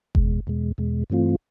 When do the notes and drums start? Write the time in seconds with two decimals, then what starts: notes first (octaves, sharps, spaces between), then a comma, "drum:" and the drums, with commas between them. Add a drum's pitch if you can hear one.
0.15 E2 B2 G#3, drum: kick F#1
0.47 E2 B2 G#3
0.78 E2 B2 G#3
1.10 G2 E3 A3 C4 F4